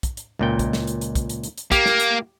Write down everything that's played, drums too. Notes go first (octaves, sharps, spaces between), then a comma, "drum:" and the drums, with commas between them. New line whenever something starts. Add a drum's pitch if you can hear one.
drum: kick, hi-hat
drum: hi-hat
C#2 A#2 G5
drum: kick, hi-hat
drum: snare
drum: hi-hat
drum: hi-hat
drum: kick, hi-hat
drum: hi-hat
drum: hi-hat
drum: hi-hat
A#3 G4, drum: kick, hi-hat
drum: snare
drum: hi-hat